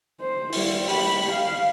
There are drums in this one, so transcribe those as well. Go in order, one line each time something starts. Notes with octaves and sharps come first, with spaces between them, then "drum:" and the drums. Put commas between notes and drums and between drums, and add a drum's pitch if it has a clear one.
C5
G3 E4, drum: open hi-hat
G4 B5, drum: open hi-hat
F5